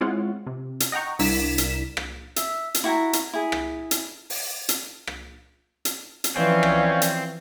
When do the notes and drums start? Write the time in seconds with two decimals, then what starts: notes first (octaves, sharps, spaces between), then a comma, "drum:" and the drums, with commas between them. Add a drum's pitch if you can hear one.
0.01 G#3 C4 E4 F4 C#5 F#5
0.47 C3
0.80 drum: hi-hat
0.92 D#5 F#5 G5 A#5 C#6
1.19 C2 D4 E4 A#4 B6 E7, drum: open hi-hat
1.58 drum: hi-hat
1.97 drum: rim click
2.36 E5, drum: hi-hat
2.74 drum: hi-hat
2.84 E4 F#4 G5 A#5
3.13 drum: hi-hat
3.33 E4 G#4
3.52 drum: rim click
3.91 drum: hi-hat
4.30 drum: open hi-hat
4.69 drum: hi-hat
5.07 drum: rim click
5.85 drum: hi-hat
6.24 drum: hi-hat
6.36 E3 F3 C4 C#4 B4 D5 F5
6.63 drum: rim click
7.02 drum: hi-hat